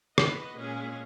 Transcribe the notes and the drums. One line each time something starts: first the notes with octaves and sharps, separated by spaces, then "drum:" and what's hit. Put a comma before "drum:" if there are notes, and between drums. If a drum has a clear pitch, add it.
B3 F#4 B4 D#5, drum: rim click
A#2 G#3 C#4 G#4